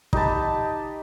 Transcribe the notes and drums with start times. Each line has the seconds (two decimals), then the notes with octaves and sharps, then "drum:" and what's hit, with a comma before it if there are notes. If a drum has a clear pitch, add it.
0.13 D#4 G4 B4 A5, drum: kick